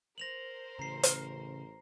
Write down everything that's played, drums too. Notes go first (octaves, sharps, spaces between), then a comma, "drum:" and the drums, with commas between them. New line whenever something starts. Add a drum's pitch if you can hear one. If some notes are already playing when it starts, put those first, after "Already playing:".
A#4 C5 A#6 F7 F#7
A1 C#3 A#5 C7
drum: hi-hat